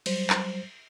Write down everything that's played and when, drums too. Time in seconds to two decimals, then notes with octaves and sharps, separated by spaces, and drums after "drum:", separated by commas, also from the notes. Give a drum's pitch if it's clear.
0.06 F#3 G3 C5, drum: cymbal
0.30 drum: clap